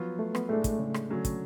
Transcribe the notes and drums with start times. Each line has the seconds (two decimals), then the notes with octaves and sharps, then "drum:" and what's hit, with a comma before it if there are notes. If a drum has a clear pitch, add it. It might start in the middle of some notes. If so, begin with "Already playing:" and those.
Already playing: F3 F#3 B3 F4
0.19 A3
0.35 B3, drum: rim click
0.49 A2 G#3 A3 D4
0.64 drum: kick, hi-hat
0.79 C#3
0.94 drum: rim click
1.10 D3 F#3 A3 C#4
1.25 drum: kick, hi-hat